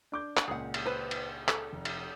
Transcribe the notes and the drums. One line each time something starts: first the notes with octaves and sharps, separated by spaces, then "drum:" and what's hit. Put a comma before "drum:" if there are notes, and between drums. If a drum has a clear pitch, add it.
D4 D6 G6
drum: clap
C#2 A#2 G#4 F#5
drum: cymbal
B4 C5
drum: cymbal
A4, drum: clap
F1
drum: cymbal